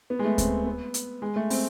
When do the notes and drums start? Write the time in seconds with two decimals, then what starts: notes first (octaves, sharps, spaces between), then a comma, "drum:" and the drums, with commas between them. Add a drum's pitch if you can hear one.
0.10 B3
0.19 G#3
0.24 A3
0.38 C4, drum: kick D2, hi-hat
0.66 B3
0.94 drum: hi-hat
1.22 G#3
1.36 A3
1.50 C4, drum: open hi-hat